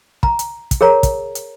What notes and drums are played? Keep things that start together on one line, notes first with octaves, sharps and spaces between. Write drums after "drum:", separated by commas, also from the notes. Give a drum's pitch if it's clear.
A#5, drum: kick
drum: hi-hat
drum: kick, hi-hat
G#4 A#4 C#5 A#5
drum: kick, hi-hat
drum: hi-hat